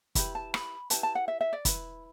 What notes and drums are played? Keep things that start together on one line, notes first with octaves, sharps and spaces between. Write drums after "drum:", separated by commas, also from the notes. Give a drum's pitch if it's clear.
E4 G4 B4 B5, drum: kick, hi-hat
A5
B5, drum: rim click
E4 G4 B4 A5, drum: hi-hat
A5
F#5
E5
E5
D5
E4 B4 B5, drum: kick, hi-hat